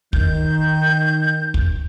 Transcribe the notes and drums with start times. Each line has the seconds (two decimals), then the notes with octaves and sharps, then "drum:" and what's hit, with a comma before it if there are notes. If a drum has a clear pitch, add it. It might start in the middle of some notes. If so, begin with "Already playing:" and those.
0.13 D#3 G6, drum: kick
1.54 drum: kick